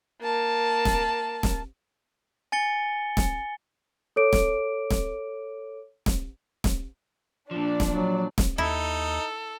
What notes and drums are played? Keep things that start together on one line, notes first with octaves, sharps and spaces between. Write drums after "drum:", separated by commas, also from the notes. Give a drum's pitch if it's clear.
A#3 A5
drum: snare
drum: snare
G#5 A6 C#7 G7
drum: snare
A4 C#5 D6 D7
drum: snare
drum: snare
drum: snare
drum: snare
A#2 F3 D4 D5
drum: snare
F#3
drum: snare
D#2 D#4 E4 A4